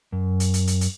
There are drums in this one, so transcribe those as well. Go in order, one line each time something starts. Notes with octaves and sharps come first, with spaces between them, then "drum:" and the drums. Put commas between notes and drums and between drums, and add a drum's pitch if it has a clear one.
F#2
drum: hi-hat
drum: hi-hat
drum: hi-hat
drum: hi-hat